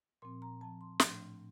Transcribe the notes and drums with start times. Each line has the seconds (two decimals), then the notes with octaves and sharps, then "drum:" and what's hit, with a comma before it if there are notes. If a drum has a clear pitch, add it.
0.22 A#2 F3 C4 C6
0.42 A#5
0.61 A#2 F3 C4 A5
0.81 C6
1.00 A2 F3 A3 D4 C6, drum: snare